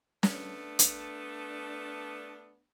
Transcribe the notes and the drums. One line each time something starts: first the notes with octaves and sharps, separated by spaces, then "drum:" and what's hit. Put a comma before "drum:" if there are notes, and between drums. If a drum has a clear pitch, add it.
A3 B3 D4, drum: snare
drum: hi-hat